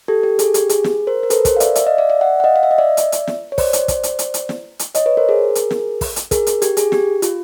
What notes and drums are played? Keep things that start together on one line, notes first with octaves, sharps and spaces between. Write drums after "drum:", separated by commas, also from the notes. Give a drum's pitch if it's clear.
G4 A4
G4 A4
G#4, drum: hi-hat
G4, drum: hi-hat
G#4, drum: hi-hat
drum: snare
A#4 C5
A#4
A4 B4, drum: hi-hat
A#4 C5, drum: kick, hi-hat
F5
D5 E5, drum: hi-hat
D5 E5, drum: hi-hat
D#5 F5
D5 E5
D5 E5
E5 F#5
F#5
D#5 F5
F5
E5
D#5
D5 E5
drum: hi-hat
drum: hi-hat
drum: snare
C#5
C5 D5, drum: kick, open hi-hat
drum: hi-hat
drum: kick, hi-hat
drum: hi-hat
drum: hi-hat
drum: hi-hat
drum: snare
drum: hi-hat
C#5 D#5, drum: hi-hat
B4 C#5
A#4 C5
G#4 A#4
drum: hi-hat
drum: snare
drum: kick, open hi-hat
drum: hi-hat
G#4 A#4, drum: kick, hi-hat
drum: hi-hat
G4, drum: hi-hat
G#4, drum: hi-hat
G4, drum: snare
F4, drum: hi-hat